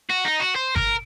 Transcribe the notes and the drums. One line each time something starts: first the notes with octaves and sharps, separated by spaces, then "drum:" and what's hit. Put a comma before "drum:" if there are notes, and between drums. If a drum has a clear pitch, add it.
F#4
D#4
F#4
C5
A#4, drum: kick G1